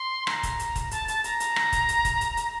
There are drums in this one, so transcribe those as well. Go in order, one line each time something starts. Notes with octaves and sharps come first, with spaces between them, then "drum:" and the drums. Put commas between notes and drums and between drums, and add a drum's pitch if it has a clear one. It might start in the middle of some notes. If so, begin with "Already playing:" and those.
Already playing: C6
A#5, drum: rim click
drum: kick, hi-hat
drum: hi-hat
drum: kick, hi-hat
A5, drum: hi-hat
A5, drum: hi-hat
A#5, drum: hi-hat
drum: hi-hat
drum: rim click
drum: kick, hi-hat
drum: hi-hat
drum: kick, hi-hat
drum: hi-hat
drum: hi-hat